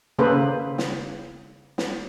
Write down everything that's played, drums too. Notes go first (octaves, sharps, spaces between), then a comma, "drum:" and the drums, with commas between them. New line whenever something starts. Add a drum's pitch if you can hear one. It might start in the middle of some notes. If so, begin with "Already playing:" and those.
C#3 A#3 G#4 A4 B4 C5
drum: snare
drum: snare